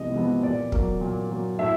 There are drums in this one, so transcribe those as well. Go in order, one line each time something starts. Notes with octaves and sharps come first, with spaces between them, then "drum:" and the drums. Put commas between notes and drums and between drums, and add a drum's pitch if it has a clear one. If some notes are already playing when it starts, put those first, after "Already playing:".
Already playing: C2 C3 F3 G#3 B3 D#5
C3 F3 G#3 B3
A#2 D5
F#3 A#3, drum: kick
A#2
F#3 A#3
A2 E5